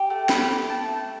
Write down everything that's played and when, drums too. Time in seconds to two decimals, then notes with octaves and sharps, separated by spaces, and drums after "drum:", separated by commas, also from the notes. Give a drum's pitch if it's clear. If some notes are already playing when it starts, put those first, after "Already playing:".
Already playing: G4
0.10 A3
0.29 G4 B5, drum: snare B3
0.50 G4
0.69 A3 A5
0.88 A3